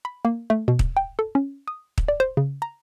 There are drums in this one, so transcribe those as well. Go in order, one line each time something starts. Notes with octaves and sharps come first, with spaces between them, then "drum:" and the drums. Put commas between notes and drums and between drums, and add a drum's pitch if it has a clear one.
B5
A#3
A3
B2
drum: kick
G5
A4
C#4
D#6
drum: kick
D5
C5
C#3
A#5